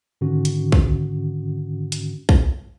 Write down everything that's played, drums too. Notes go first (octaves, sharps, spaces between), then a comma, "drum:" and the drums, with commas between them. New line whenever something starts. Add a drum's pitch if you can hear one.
G#2 D3 D#3 C#4 F#4
drum: hi-hat
drum: kick A#1
drum: hi-hat
drum: kick A#1